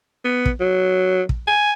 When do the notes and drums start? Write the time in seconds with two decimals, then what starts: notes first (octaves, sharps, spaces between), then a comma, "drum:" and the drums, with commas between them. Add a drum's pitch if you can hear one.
0.25 B3
0.46 drum: kick
0.60 F#3
1.29 drum: kick
1.47 G#5